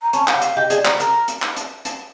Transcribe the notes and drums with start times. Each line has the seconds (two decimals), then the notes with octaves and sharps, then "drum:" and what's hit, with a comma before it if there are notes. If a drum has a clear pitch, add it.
0.02 A#5
0.13 C#4 A5, drum: hi-hat
0.28 F5, drum: clap
0.36 G4 F#5
0.42 F5, drum: hi-hat
0.57 G4 D#5
0.70 G#4 D5, drum: hi-hat
0.85 A#4, drum: clap
1.00 A#4, drum: hi-hat
1.28 drum: hi-hat
1.42 drum: clap
1.56 drum: hi-hat
1.85 drum: hi-hat